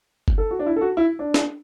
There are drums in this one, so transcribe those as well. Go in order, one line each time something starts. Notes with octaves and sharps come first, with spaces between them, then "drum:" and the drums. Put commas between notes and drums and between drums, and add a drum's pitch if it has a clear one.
drum: kick G1
A4
F#4
D4
E4
A4
F#4
E4
D4
drum: snare